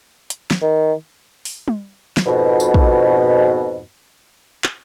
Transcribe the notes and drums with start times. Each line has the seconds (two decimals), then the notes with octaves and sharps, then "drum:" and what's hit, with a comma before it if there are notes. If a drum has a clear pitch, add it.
0.30 drum: hi-hat
0.51 drum: snare
0.62 D#3
1.45 drum: open hi-hat
1.68 drum: tom
2.17 drum: snare
2.26 F2 G#2 B2
2.60 drum: tambourine
2.74 drum: kick
4.64 drum: clap